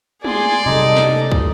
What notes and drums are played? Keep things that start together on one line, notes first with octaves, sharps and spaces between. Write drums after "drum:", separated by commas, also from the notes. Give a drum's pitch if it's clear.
G#4 D5 G#5 C6, drum: tom
C3 G3 D#4 A4 D#5 D6
drum: snare
drum: kick